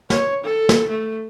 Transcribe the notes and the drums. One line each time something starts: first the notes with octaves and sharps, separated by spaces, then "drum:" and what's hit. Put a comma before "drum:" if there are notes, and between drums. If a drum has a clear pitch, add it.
C#5, drum: snare
A4
drum: snare
A3